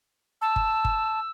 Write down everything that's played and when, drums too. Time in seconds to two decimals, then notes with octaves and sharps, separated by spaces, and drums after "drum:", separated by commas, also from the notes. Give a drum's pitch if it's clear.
0.42 A5 E6
0.56 drum: kick G1
0.85 drum: kick G1